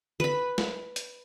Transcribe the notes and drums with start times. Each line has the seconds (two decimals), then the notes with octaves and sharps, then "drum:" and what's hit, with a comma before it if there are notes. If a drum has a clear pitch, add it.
0.20 B4 B5, drum: tom D3
0.58 drum: snare
0.96 drum: hi-hat